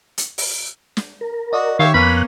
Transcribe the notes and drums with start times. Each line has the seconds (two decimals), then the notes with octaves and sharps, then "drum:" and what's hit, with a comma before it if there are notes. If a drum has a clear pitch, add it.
0.18 drum: hi-hat
0.38 drum: open hi-hat
0.97 drum: snare
1.21 A#4
1.53 F#4 D5 D#5
1.79 D#3 G4 C#5 E5 F5
1.94 F2 A#3 B3 C#4 B5 F#6